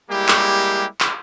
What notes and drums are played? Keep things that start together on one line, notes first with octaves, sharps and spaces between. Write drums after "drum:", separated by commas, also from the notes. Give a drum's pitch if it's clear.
G3 G#3 A#3 E4 G4
drum: clap
drum: clap